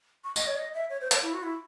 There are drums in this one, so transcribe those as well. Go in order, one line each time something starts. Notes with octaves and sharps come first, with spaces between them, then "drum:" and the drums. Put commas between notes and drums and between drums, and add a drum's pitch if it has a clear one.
C#6
D#5, drum: tambourine
C#5
D#5
E5
C#5
C5
C#5, drum: hi-hat
E4
F#4
E4